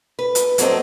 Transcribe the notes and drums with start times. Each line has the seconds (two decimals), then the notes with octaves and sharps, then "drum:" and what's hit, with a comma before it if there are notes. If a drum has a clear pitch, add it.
0.19 B4
0.35 drum: hi-hat
0.58 F#3 A#3 C4 A4 D#5, drum: hi-hat